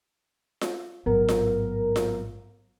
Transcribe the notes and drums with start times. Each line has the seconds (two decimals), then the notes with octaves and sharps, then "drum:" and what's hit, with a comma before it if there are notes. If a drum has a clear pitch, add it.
0.61 drum: snare F4
1.06 A1 G#2 F#3 B3 A#4
1.29 drum: snare F4
1.96 drum: snare F4